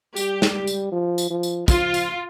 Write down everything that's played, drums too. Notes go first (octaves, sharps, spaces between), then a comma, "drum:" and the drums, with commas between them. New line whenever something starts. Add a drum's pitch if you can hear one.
G3 G4, drum: tambourine
drum: snare
drum: tambourine
F3
drum: tambourine
F3
drum: tambourine
F3 F4, drum: kick, tambourine
drum: tambourine